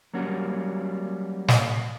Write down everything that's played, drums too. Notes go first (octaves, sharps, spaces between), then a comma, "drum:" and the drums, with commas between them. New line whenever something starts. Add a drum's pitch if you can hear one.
F#3 G3 A#3 C#4 F#4
drum: snare